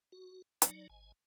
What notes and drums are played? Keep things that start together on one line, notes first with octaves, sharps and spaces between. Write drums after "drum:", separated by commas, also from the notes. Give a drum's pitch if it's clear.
F#4
F#3 D#4 D5, drum: hi-hat
G#1 G#5